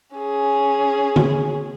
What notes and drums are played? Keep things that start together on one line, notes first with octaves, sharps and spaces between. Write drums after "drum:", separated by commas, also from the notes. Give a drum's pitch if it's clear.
C#4 G#4
drum: tom D3